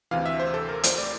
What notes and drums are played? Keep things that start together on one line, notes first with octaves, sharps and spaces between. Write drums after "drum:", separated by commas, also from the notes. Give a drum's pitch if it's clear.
D2 C3 E3 F5
E5
C5
A4
A#4
C5, drum: hi-hat
D5